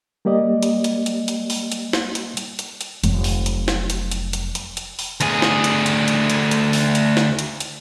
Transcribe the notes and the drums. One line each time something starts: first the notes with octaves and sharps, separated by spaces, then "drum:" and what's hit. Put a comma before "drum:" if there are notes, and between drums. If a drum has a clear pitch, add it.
G3 A#3 G4 D5 D#5
drum: hi-hat
drum: hi-hat
drum: hi-hat
drum: hi-hat
drum: open hi-hat
drum: hi-hat
drum: snare
drum: hi-hat
drum: hi-hat
drum: hi-hat
drum: hi-hat
F1 F#3, drum: hi-hat
drum: open hi-hat
drum: hi-hat
drum: snare
drum: hi-hat
drum: hi-hat
drum: hi-hat
drum: hi-hat
drum: hi-hat
drum: open hi-hat
D2 G#4, drum: hi-hat
drum: snare
drum: hi-hat
drum: hi-hat
drum: hi-hat
drum: hi-hat
drum: hi-hat
drum: open hi-hat
drum: hi-hat
drum: snare
drum: hi-hat
drum: hi-hat